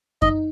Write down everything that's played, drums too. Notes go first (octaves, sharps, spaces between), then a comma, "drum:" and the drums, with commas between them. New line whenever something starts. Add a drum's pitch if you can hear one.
D#4 D#5, drum: kick F#2